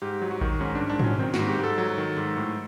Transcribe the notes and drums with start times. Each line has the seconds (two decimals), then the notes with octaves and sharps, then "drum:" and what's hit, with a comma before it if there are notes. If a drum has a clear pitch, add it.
0.02 G#2 G4
0.22 F#3
0.31 F#4
0.41 D#3, drum: kick A1
0.61 G#2 C#4
0.75 G#2 D4
0.90 D4
0.99 F#3, drum: tom G#2
1.04 C#4
1.19 D#3 C4
1.34 F#4, drum: snare
1.39 G#2
1.48 G4
1.59 G#2 A4
1.78 F#3
1.98 D#3
2.17 G#2
2.37 A2